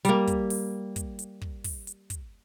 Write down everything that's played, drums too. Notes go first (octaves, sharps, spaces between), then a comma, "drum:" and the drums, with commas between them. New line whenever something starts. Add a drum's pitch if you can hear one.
G3 A#3, drum: hi-hat
drum: kick, hi-hat
drum: open hi-hat
drum: kick, hi-hat
drum: hi-hat
drum: kick
drum: kick, open hi-hat
drum: hi-hat
drum: kick, hi-hat